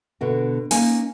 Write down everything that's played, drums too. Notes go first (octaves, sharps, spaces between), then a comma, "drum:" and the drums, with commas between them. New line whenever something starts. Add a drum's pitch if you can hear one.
B2 D3 F#4
A#3 C#4 D#4 G#5, drum: open hi-hat